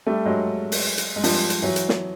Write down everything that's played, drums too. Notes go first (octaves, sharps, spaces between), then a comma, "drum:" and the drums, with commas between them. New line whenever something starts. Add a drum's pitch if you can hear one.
G3 A3
F#3 G#3
drum: open hi-hat
drum: hi-hat
G#3
F3 G3, drum: open hi-hat
drum: hi-hat
E3 F#3
drum: hi-hat
drum: snare